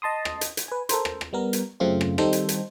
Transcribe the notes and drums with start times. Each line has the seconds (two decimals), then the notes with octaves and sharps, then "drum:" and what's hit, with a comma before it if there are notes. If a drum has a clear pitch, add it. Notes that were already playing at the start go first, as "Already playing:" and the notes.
0.02 D#5 A5 C6 D#6
0.25 drum: rim click
0.41 drum: hi-hat
0.57 drum: hi-hat
0.68 B4 G#5
0.89 A4 A#4 C5, drum: hi-hat
1.05 drum: rim click
1.21 drum: rim click
1.33 G3 B3 A#4
1.53 drum: hi-hat
1.80 F#2 C#3 A3 C4 F4
2.01 drum: rim click
2.18 D#3 G3 C4 D#4 A4 C5, drum: rim click
2.33 drum: hi-hat
2.49 drum: hi-hat